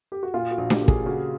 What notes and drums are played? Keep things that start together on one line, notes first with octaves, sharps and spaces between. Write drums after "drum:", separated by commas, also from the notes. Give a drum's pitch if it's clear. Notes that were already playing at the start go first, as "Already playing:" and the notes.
G4
F#4
A#2 F4
F#4
A#1
G4, drum: snare D4
A#3
G#4, drum: kick
C#3 F#4